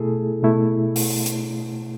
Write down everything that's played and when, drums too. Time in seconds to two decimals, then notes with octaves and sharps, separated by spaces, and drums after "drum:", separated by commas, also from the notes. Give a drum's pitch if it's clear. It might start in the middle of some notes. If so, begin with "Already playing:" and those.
Already playing: B2 A3 E4 G#4 A4
0.43 B2 A3 E4
0.96 drum: open hi-hat
1.26 drum: hi-hat